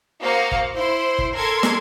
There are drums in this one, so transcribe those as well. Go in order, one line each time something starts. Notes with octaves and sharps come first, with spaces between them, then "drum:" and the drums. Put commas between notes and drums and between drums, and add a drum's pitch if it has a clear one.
A#3 F#4 C5 F5 D#6 C#7
drum: kick G1
E4 C5 C6
drum: kick G1
A4 A#4 C6 G#6
drum: snare